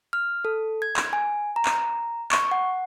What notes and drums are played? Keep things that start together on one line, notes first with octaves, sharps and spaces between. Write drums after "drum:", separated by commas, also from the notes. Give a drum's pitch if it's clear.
F6
A4
G#6
drum: clap
G#5
A#5
drum: clap
C#6, drum: clap
F#5